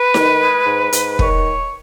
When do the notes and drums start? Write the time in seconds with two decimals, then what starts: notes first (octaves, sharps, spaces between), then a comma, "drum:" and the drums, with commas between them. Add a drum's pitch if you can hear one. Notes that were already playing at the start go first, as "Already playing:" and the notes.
Already playing: B4
0.14 D#3, drum: snare D#4
0.40 G#3
0.67 G#2
0.93 G#2, drum: hi-hat
1.19 D#3 C#5, drum: kick